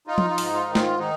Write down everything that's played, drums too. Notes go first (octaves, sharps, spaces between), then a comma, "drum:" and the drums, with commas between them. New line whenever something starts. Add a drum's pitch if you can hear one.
D#4 F4
drum: tom F3
F4
G#2, drum: open hi-hat
F4
D#3
F4, drum: snare
D#3 D#4